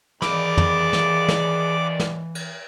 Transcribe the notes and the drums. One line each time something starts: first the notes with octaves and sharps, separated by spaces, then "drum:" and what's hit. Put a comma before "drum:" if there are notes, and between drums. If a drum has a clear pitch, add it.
D#2 E3 G#4 D5 B5 D6, drum: snare
drum: tom
drum: snare
drum: snare
drum: snare
drum: cymbal